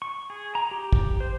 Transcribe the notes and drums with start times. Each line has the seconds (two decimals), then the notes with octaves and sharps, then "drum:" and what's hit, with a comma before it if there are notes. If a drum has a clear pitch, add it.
0.02 C#6
0.30 G#4
0.55 A#5
0.71 G4
0.93 drum: kick
1.20 C5